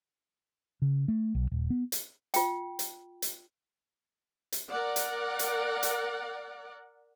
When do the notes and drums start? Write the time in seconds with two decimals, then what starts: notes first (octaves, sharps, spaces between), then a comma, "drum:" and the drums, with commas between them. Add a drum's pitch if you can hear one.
0.82 C#3
1.08 A3
1.35 B1
1.52 D#1
1.70 B3
1.92 drum: hi-hat
2.34 F4 G5, drum: hi-hat
2.79 drum: hi-hat
3.22 drum: hi-hat
4.52 drum: hi-hat
4.70 A#4 D5 F#5
4.96 drum: hi-hat
5.39 drum: hi-hat
5.83 drum: hi-hat